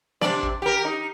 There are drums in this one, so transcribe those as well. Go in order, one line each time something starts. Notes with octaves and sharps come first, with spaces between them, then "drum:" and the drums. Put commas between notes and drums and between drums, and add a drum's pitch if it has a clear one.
C3 D4 D5, drum: snare
drum: kick
G4 A#4
D#4